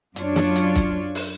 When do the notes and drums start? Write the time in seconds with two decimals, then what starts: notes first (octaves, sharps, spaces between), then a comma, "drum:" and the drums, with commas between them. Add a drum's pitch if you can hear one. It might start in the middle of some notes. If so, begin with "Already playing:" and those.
0.16 F#2 D4 F4 C#5, drum: hi-hat
0.36 drum: snare
0.56 drum: hi-hat
0.75 drum: kick, hi-hat
1.15 drum: open hi-hat